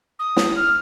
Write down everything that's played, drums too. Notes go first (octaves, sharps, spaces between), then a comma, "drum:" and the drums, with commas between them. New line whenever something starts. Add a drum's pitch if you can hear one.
D#6
drum: snare
F6